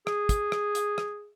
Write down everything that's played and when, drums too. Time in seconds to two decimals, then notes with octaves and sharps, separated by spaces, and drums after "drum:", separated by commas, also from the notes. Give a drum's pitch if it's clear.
0.07 G#4, drum: rim click
0.29 drum: kick, hi-hat
0.52 drum: rim click
0.75 drum: hi-hat
0.98 drum: rim click